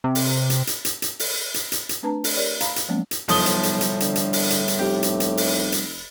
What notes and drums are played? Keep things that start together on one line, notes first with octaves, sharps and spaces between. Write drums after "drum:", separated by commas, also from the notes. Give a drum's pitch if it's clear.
C3
drum: open hi-hat
drum: hi-hat
drum: hi-hat
drum: hi-hat
drum: hi-hat
drum: open hi-hat
drum: hi-hat
drum: hi-hat
drum: hi-hat
A3 C4 D4 B4 A5 A#5
drum: open hi-hat
G4 A#4 C#5 D5
F5 A#5 B5, drum: hi-hat
drum: hi-hat
F3 F#3 G#3 A#3 B3 C#4
drum: hi-hat
B1 A2 F3 G3 B3 C5 D#6 G7, drum: open hi-hat
drum: hi-hat
drum: hi-hat
drum: hi-hat
D3, drum: hi-hat
drum: hi-hat
drum: open hi-hat
drum: hi-hat
drum: hi-hat
F1 G4
drum: hi-hat
drum: hi-hat
drum: open hi-hat
drum: hi-hat